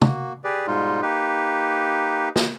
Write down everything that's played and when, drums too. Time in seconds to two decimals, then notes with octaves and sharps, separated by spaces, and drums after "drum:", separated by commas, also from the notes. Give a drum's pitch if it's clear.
0.02 A#3 F#4, drum: tom
0.44 G4 G#4 B4 D5
0.67 G#2 B2 G3 G#3 D#4 F4
1.02 A#3 D#4 G4 B4
2.36 drum: snare